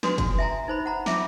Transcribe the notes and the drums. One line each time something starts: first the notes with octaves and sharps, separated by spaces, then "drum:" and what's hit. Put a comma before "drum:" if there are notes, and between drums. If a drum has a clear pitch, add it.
D4 F#4 B4 G#5 C6 D#6, drum: snare
F#4, drum: kick, hi-hat
E5 G#5 A#5
D#4 C5 B5
F#5 A#5 B5
C#4 F4 E5 D6, drum: snare